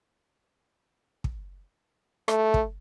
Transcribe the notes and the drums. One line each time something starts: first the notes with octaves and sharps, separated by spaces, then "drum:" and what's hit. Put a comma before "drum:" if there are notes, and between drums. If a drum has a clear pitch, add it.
drum: kick
A3, drum: rim click
drum: kick